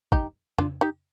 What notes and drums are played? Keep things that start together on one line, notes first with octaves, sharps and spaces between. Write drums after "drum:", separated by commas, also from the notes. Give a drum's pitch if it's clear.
D#4 G4, drum: kick
D4 F4, drum: tom
D#4 G4